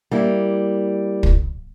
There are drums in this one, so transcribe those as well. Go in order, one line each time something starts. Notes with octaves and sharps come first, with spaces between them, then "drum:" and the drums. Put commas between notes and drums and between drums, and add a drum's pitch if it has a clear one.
G3 A#3 E4
drum: kick